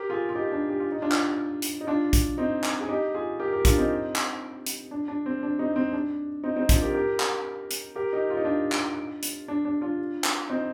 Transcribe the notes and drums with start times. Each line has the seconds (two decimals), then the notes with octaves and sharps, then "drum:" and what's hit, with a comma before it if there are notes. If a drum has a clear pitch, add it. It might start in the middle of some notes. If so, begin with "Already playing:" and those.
Already playing: G4 A#4
0.10 F4 G#4
0.29 F4
0.35 D#4 G4
0.52 D4
0.70 G4
0.80 F4
0.92 D#4
1.02 D4 F4
1.12 drum: clap
1.62 drum: hi-hat
1.81 D#4
1.87 D4 F4
2.13 drum: kick, hi-hat
2.38 C4 D#4
2.64 drum: clap
2.80 G#4
2.88 D#4 G4
3.15 F4 G#4
3.39 G4 A#4
3.52 G4 A#4
3.65 D4 F4, drum: kick, hi-hat
3.77 C4 D#4
4.16 drum: clap
4.66 drum: hi-hat
4.91 D4
5.08 D4
5.26 C4
5.43 D4
5.59 C4 D#4
5.76 C4
5.93 D4
6.44 C4 D#4
6.56 C4 D#4
6.69 D4 F4, drum: kick, hi-hat
6.82 G4 A#4
6.94 G4 A#4
7.20 drum: clap
7.71 drum: hi-hat
7.95 G4 A#4
8.13 D#4 G4
8.30 F4
8.37 D#4
8.45 D4 F4
8.72 drum: clap
9.23 drum: hi-hat
9.48 D4
9.65 D4
9.81 D4 F4
10.24 drum: clap
10.49 C4 D#4